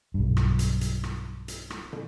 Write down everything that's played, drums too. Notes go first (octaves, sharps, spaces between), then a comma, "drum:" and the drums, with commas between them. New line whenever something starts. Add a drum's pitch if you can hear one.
B1 G2
drum: rim click
drum: hi-hat
drum: hi-hat
drum: rim click
drum: hi-hat
drum: rim click
drum: tom